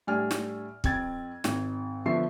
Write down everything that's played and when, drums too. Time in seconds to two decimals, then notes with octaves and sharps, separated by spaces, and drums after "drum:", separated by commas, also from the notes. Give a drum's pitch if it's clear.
0.07 A2 G3 D4 G#5 F6
0.31 drum: snare
0.84 F2 C4 G#6 A6, drum: kick
1.44 G#1, drum: snare
2.06 D3 F3 B3 E5 C#6 C7